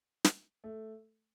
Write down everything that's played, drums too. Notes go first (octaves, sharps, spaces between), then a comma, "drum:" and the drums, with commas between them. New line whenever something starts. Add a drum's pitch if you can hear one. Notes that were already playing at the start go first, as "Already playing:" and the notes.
drum: snare
A3